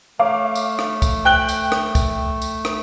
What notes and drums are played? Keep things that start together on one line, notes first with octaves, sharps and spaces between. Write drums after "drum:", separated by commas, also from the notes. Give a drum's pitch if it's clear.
A3 C#5 F5 D6
drum: tambourine
drum: rim click
drum: kick, tambourine
G5 F#6 G7
drum: tambourine
drum: rim click
drum: kick, tambourine
drum: tambourine
drum: rim click